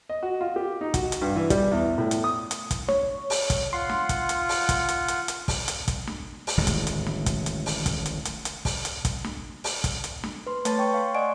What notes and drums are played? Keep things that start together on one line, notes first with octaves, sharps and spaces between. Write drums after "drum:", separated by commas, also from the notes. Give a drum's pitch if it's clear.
D#5
F#4
F4
G4
D#4
F#4, drum: kick, hi-hat
drum: hi-hat
G2
E3
G3, drum: kick, hi-hat
E2
A2
drum: hi-hat
D#6
drum: hi-hat
drum: kick, hi-hat
C#5, drum: snare
drum: open hi-hat
drum: kick, hi-hat
F4 F#5 C6
drum: snare
drum: kick, hi-hat
drum: hi-hat
drum: open hi-hat
drum: kick, hi-hat
drum: hi-hat
drum: hi-hat
drum: hi-hat
drum: kick, open hi-hat
drum: hi-hat
drum: kick, hi-hat
drum: snare
drum: open hi-hat
D1 A1 D#3 G#3
drum: kick, hi-hat
drum: hi-hat
drum: snare
drum: kick, hi-hat
drum: hi-hat
drum: open hi-hat
drum: kick, hi-hat
drum: hi-hat
drum: hi-hat
drum: hi-hat
drum: kick, open hi-hat
drum: hi-hat
drum: kick, hi-hat
drum: snare
drum: open hi-hat
drum: kick, hi-hat
drum: hi-hat
drum: snare
B4 C6
A3 B4 C#5 A5 A6, drum: hi-hat
C#5 G5 C#6
F5 C6
D5 D#5 F#5 G#5 C#6 D7